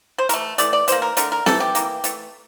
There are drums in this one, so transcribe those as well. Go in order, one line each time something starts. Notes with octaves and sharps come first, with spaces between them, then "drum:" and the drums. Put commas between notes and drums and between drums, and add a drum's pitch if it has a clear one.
C5
E3 A3 A#4, drum: hi-hat
E3 A3 D5, drum: hi-hat
D5
E3 A#3 C5, drum: hi-hat
A#4
D3 A3 A#4, drum: hi-hat
A#4
C3 E3 A3 A4, drum: snare
G4
E3 A#3, drum: hi-hat
E3 A3, drum: hi-hat